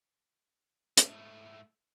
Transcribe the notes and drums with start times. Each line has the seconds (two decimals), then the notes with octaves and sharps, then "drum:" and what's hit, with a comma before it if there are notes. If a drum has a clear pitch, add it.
0.97 G#2 A3, drum: hi-hat